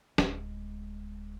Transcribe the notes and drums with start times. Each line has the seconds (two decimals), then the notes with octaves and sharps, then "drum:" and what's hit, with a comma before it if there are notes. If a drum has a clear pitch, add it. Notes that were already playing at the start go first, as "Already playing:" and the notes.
0.18 D1 G#3, drum: snare